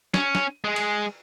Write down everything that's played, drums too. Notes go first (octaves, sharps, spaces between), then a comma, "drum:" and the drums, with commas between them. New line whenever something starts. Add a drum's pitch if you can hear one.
C#4, drum: snare
drum: snare
G#3 G#4
drum: cymbal